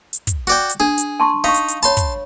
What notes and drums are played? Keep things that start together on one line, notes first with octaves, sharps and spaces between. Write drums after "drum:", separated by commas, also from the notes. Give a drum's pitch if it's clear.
drum: hi-hat
drum: kick, hi-hat
F#4 D5 G5
drum: hi-hat
D4 G#4
drum: hi-hat
A5 C6 C#6
D#4 F5 A#5 C#6
drum: hi-hat
drum: hi-hat
C#5 A5 B5 C6, drum: hi-hat
drum: kick, hi-hat